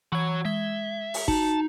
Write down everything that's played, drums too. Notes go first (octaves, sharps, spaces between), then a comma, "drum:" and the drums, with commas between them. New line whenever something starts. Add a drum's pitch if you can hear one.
E3 F#4 C#5 G#6
G#3 E5 G#6 G7
drum: open hi-hat
D#4 F#4 A5, drum: kick